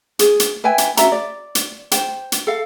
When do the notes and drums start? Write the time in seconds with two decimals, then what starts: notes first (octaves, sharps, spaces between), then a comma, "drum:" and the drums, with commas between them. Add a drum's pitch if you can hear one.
0.19 G#4, drum: hi-hat
0.40 drum: hi-hat
0.64 B4 E5 G5 G#5
0.78 drum: hi-hat
0.97 C#4 F#4 E5 A#5, drum: hi-hat
1.12 D5
1.55 drum: hi-hat
1.91 C5 G5, drum: hi-hat
2.32 drum: hi-hat
2.47 A4 F5